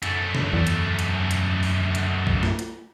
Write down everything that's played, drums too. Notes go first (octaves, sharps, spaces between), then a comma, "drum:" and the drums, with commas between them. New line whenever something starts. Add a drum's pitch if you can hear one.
F#2 A3, drum: hi-hat
drum: tom
E2
drum: hi-hat
drum: hi-hat
drum: hi-hat
drum: open hi-hat
drum: hi-hat
drum: kick B1
drum: snare
drum: hi-hat